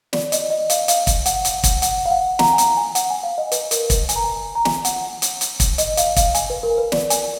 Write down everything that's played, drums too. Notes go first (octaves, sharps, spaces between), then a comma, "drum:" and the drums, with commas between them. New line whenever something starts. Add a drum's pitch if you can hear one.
D5, drum: snare
D#5, drum: hi-hat
D#5
F5, drum: hi-hat
F5, drum: hi-hat
drum: kick, hi-hat
F#5, drum: hi-hat
drum: hi-hat
drum: kick, hi-hat
F#5, drum: hi-hat
F5
F#5
A#5, drum: snare
G#5
A#5, drum: hi-hat
G#5
F#5, drum: hi-hat
G#5
F5
D#5
B4, drum: hi-hat
A#4, drum: hi-hat
B4, drum: kick, hi-hat
G#5, drum: hi-hat
A#5
G#5
A#5
G#5, drum: snare
F#5, drum: hi-hat
drum: hi-hat
drum: hi-hat
drum: kick, hi-hat
D#5, drum: hi-hat
F5, drum: hi-hat
F5, drum: kick, hi-hat
G#5, drum: hi-hat
B4
A#4
B4
D5, drum: snare
G#5, drum: hi-hat